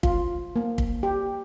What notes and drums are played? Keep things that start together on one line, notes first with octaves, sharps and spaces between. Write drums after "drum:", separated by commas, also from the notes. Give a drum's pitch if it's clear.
F4, drum: kick
A#3
drum: kick
G4